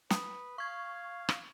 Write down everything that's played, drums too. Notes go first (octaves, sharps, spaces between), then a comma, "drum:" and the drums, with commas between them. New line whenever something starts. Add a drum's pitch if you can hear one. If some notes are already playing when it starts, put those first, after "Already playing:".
B4 D#6, drum: snare
F5 C#6 G#6
drum: rim click